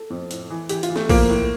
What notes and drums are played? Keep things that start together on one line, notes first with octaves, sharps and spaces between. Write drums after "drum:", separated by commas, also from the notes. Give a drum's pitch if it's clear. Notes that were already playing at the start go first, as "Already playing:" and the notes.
Already playing: A4
F2
A2, drum: hi-hat
E3
E3 G4, drum: hi-hat
F4, drum: hi-hat
E3
A3, drum: snare
F3 A#3, drum: kick, open hi-hat
A2